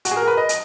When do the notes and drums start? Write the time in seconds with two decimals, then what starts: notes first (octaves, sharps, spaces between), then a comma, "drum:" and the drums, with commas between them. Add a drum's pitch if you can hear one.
0.05 F#4, drum: hi-hat
0.11 G#4
0.16 A#4
0.27 B4
0.37 D#5
0.49 drum: hi-hat